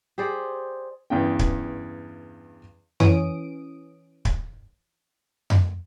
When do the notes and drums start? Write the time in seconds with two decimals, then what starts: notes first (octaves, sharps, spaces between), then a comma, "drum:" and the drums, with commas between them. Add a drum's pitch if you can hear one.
0.18 G4 G#4 C5 D5
1.10 E2 G2 C#3 G5
1.39 drum: kick
3.00 E3 C#4 D#6 D7, drum: tom F2
4.25 drum: kick
5.50 drum: tom F2